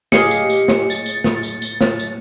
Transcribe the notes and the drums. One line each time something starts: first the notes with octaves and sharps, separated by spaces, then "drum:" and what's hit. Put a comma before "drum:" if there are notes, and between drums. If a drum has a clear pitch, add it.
G4 G#4 D#5 F5 C#7, drum: snare
drum: tambourine
drum: tambourine
drum: snare
A6, drum: tambourine
drum: tambourine
drum: snare
drum: tambourine
drum: tambourine
drum: snare
drum: tambourine